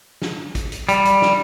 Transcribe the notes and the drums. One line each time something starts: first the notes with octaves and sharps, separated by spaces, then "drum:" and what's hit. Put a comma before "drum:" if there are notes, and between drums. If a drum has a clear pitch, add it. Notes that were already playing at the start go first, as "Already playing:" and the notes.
drum: snare
drum: kick, hi-hat
drum: hi-hat
G3, drum: hi-hat
drum: hi-hat
drum: snare